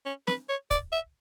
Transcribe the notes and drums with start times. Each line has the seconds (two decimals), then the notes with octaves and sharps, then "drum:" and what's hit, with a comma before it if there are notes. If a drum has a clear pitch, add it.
0.06 C#4
0.27 B4, drum: snare
0.49 C#5
0.71 D5, drum: kick, hi-hat
0.92 E5